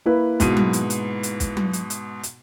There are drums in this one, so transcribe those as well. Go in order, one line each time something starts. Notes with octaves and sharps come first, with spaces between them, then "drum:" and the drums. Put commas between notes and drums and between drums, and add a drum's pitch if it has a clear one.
A#3 E4 B4
G#2 B2 D#7, drum: kick, hi-hat
drum: tom F#3
drum: hi-hat
drum: hi-hat
drum: hi-hat
drum: kick, hi-hat
drum: tom F#3
drum: hi-hat
drum: hi-hat
drum: hi-hat